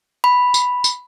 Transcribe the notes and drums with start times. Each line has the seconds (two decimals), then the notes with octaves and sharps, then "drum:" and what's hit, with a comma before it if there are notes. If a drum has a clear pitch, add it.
0.24 B5
0.54 drum: tambourine
0.84 drum: tambourine